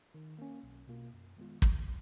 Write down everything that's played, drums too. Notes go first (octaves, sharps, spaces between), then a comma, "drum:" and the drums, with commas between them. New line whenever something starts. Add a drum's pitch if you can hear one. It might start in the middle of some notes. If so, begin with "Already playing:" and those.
D#3
A#3 C#4
B1
B2 A#3 F4
F#2
D#3 G#3 B3 F4
C#3, drum: kick